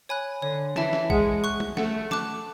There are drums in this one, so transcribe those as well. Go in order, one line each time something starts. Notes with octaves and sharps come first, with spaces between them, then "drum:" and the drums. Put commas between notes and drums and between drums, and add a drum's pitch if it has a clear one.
C#5 G#5 B5 F#6
D3 C#5
E3 E5 A5, drum: snare
drum: snare
G#3 F#5, drum: kick A#1
C#6 F#6
drum: tom
A3 F#5, drum: snare
A5 D6 F#6, drum: snare